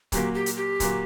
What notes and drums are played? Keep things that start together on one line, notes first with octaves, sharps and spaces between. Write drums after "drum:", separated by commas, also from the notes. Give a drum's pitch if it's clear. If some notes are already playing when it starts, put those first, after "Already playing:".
A#2 F#3 A#3 G4, drum: kick C#1, hi-hat
G4
drum: hi-hat
G4
A#2 F#3 A#3, drum: kick C#1, hi-hat